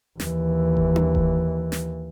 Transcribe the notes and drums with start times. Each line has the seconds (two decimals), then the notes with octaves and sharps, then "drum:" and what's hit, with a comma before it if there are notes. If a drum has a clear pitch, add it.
0.20 D#2 E3, drum: snare
0.77 drum: kick F1
0.96 drum: tom D4
1.15 drum: kick F1
1.72 drum: snare